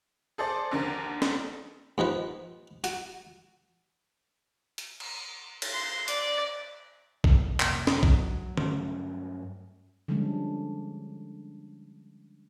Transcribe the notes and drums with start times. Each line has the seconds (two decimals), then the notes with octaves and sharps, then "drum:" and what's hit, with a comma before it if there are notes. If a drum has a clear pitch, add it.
0.38 G#4 A4 C5 D5
0.71 A#1 D#2 D3 D4 A#4
1.22 drum: snare
1.98 D#2 D#3 F3 B4
2.84 F#4, drum: hi-hat
4.78 drum: hi-hat
5.00 drum: cymbal
5.62 drum: cymbal
5.72 C6
6.08 D5, drum: hi-hat
7.24 B1, drum: kick
7.60 G1 F2 C3 A#3, drum: clap
7.87 drum: snare
8.03 F#3, drum: kick
8.57 G2 F#3 A3 C#4, drum: tom D3
10.08 D3 F3 G3 G#3 C#4 D4